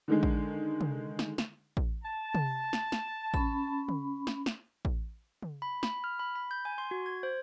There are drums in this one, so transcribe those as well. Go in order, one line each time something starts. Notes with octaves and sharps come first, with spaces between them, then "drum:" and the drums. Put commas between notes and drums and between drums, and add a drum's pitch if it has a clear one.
D3 D#3 G#3
drum: kick A1
drum: tom C3
drum: snare
drum: snare
drum: kick A1
A5
drum: tom C3
drum: snare
drum: snare
C#4 B5, drum: kick A1
drum: tom C#3
drum: snare
drum: snare
drum: kick A1
drum: tom C#3
B5
B5, drum: snare
F6
B5
B5
G6
G#5
C6
F#4
G#6
C5